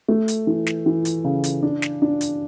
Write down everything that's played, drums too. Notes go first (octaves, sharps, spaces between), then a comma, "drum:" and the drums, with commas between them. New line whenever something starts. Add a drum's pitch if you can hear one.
A3
drum: hi-hat
E3
drum: snare
E3
drum: hi-hat
C#3
drum: hi-hat
D4
drum: snare
D4
drum: hi-hat